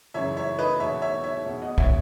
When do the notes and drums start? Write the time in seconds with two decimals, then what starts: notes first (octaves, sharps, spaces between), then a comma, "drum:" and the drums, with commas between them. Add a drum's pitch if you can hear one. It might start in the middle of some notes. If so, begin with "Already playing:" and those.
0.14 F#2 C#3 E3 C#5 E5
0.37 C#5 E5
0.59 B4 D#5
0.80 E2 B2 C#5 E5
1.02 C#5 E5
1.24 C#5 E5
1.45 E2 B2
1.62 D#5 F#5
1.78 C#5 E5, drum: kick A#1